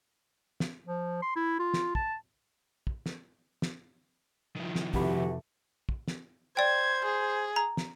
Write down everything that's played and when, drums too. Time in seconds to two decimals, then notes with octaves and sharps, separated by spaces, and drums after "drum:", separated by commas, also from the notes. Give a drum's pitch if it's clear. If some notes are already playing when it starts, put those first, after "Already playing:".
0.60 drum: snare
0.86 F3
1.22 C6
1.36 E4
1.59 F4
1.74 drum: snare
1.95 A5, drum: kick
2.87 drum: kick
3.06 drum: snare
3.62 drum: snare
4.56 D#3 F3
4.75 drum: snare
4.94 F2 C3 E3 A3 F#4 G4 B5, drum: kick
5.89 drum: kick
6.08 drum: snare
6.57 C5 D5 G5 G#6
7.05 G#4
7.56 A#5
7.77 drum: snare